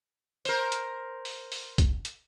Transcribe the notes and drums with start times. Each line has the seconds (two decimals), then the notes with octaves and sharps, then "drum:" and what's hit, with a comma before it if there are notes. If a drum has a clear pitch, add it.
0.45 A#4 C5, drum: open hi-hat
0.72 drum: hi-hat
1.25 drum: open hi-hat
1.52 drum: open hi-hat
1.78 drum: kick, hi-hat
2.05 drum: hi-hat